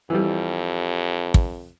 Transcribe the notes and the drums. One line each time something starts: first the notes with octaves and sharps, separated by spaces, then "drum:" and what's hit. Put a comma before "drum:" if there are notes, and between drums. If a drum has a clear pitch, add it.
F2 E3 G3
drum: kick